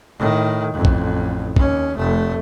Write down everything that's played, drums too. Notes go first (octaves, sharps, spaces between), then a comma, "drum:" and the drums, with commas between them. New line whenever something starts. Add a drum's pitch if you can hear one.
A2 D#3
A1 F2
drum: kick
D#2 C#4, drum: kick
F1 A3